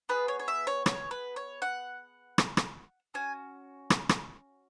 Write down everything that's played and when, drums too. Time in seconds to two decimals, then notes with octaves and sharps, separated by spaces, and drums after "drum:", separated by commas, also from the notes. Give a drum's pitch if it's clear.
0.09 B3 G#4 B4
0.28 C#5
0.40 C#5
0.48 E5
0.67 C#5
0.86 C#5, drum: rim click
1.11 B4
1.36 C#5
1.62 F#5
2.38 drum: rim click
2.57 drum: rim click
3.14 C#4 F#4 G#5
3.90 drum: rim click
4.09 drum: rim click